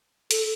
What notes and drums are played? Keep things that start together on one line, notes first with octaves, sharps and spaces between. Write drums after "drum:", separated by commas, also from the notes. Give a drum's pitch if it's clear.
A4, drum: hi-hat